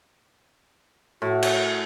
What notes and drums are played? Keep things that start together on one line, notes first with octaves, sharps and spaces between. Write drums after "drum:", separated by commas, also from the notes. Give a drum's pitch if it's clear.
A2 F#4
drum: cymbal